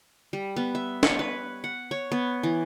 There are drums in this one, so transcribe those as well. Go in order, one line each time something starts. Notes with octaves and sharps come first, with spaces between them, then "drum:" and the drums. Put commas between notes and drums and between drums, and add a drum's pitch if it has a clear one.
G3
B3
E5
C#5, drum: snare
B4
F#5
C#5
B3
E3